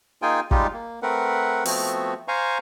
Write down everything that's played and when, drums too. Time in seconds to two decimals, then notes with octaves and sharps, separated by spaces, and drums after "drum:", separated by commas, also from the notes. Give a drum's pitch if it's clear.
0.22 A#3 D#4 F4 G#4 G5 G#5
0.51 G3 G#3 D#4 F4 G4, drum: kick
0.73 A#3
1.02 A3 C4 A#4 B4 F#5
1.66 F3 A3 B3 C4 F#4, drum: open hi-hat
2.28 C5 F5 G#5 A#5 C#6